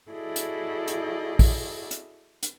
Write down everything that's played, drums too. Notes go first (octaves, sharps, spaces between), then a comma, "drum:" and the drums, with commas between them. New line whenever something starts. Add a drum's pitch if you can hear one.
E4 F#4 G#4 A4 D5 D#5
drum: hi-hat
drum: hi-hat
drum: kick, open hi-hat
drum: hi-hat
drum: hi-hat